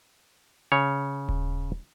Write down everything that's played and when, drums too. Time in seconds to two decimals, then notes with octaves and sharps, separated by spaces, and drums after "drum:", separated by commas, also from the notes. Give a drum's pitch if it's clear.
0.72 C#3 C#5
1.29 drum: kick D#1